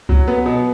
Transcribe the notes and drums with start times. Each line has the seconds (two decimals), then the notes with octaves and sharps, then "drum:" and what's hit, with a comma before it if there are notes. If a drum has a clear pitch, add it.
0.09 F#3, drum: kick C2
0.28 B3
0.46 B2